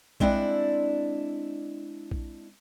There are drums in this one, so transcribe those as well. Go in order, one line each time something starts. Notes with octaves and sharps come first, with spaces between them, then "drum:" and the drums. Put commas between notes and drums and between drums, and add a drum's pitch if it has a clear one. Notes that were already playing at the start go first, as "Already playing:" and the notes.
G#3 C4 D4 E4 D5, drum: kick A#1
drum: kick A#1